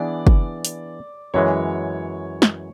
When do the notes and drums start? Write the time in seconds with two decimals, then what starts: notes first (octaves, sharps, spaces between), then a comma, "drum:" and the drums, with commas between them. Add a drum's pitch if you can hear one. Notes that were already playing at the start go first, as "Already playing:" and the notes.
Already playing: E3 B3 D4 G#4 D5
0.27 drum: kick
0.65 drum: hi-hat
1.34 F#2 E3 G#3 C#5
2.42 drum: snare